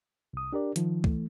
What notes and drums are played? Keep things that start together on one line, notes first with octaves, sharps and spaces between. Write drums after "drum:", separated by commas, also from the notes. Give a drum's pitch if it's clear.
C2 D#6
D4 G4 A#4 D5
D#3 F3, drum: hi-hat
E3 A3, drum: kick